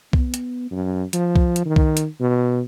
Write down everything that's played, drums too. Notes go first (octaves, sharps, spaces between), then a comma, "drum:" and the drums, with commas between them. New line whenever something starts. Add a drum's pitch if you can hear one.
B3, drum: kick
drum: hi-hat
F#2
F3, drum: hi-hat
drum: kick
drum: hi-hat
D#3
drum: kick
drum: hi-hat
B2